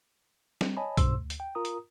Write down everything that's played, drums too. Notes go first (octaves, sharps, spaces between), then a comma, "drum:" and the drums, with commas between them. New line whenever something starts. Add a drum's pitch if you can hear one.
G3 C4, drum: snare
C#5 D#5 G#5 A5 B5
B1 G2 B2 C5 C6 E6, drum: kick B1, hi-hat
D2
drum: hi-hat
G5
F4 A#4 A#5 D#6
drum: hi-hat